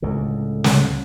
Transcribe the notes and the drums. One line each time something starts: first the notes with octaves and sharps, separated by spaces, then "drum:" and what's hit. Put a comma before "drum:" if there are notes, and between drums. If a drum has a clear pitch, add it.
C#2 A2 D3
drum: snare